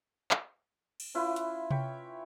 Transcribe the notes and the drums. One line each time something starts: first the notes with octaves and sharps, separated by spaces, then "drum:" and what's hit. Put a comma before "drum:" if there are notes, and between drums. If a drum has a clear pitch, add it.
drum: clap
drum: cymbal
C#4 E4 F4 B4
drum: hi-hat
C#5 G5 B5, drum: tom C3